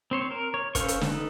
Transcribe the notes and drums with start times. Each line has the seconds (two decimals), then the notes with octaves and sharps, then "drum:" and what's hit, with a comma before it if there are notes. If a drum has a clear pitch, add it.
0.11 C4 C5 C#5
0.31 A#4
0.54 C#5
0.75 C#4 A4 C5 F5 C#6, drum: kick, hi-hat
0.88 drum: hi-hat
1.01 D#4 A4 B4, drum: snare